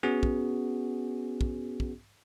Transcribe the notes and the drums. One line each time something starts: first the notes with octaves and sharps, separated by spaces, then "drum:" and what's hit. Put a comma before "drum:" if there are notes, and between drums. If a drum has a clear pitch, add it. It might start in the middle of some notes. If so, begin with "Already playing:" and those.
B3 C#4 F#4 G#4
drum: kick
drum: kick
drum: kick